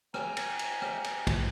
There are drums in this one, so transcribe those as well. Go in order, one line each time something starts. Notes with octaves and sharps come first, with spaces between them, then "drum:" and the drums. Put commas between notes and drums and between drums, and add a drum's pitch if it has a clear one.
G5 G#5 A#5, drum: rim click
drum: cymbal
drum: cymbal
drum: rim click
drum: cymbal
drum: kick, cymbal